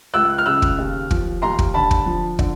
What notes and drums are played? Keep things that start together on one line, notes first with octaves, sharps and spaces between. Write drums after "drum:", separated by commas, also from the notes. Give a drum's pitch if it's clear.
C#2 E6 F#6
F6
C#3 E6 F#6
drum: kick
D#2
F3, drum: kick
D#2 A#5 C6
drum: kick
D3 A5 B5
drum: kick
F3
D3, drum: kick